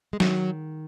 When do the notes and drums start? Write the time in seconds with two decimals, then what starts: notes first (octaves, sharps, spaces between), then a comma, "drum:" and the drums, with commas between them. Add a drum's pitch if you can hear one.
0.13 G#3
0.20 D#3 F#3, drum: snare